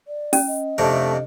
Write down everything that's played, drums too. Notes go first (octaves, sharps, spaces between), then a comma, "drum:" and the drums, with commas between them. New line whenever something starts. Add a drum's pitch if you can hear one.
D5
C#4, drum: open hi-hat
D#5
F2 C3 A3 D4
D#5